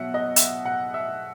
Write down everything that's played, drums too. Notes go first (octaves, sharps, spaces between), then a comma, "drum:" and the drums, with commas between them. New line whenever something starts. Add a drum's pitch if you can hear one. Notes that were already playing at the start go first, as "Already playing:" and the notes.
Already playing: B2 F#3 E5 F#5
D#5
E5, drum: hi-hat
F#5
E5